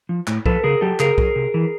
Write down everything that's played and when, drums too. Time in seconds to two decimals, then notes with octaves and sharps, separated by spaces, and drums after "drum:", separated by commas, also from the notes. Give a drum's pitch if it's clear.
0.09 F3
0.27 A2, drum: clap
0.46 F3 A4 B4, drum: kick B1
0.63 C#3 G#4 A#4
0.81 F#3 G4 A4
1.00 C#3 G#4 A#4, drum: clap
1.18 F#3, drum: kick B1
1.36 C3
1.54 E3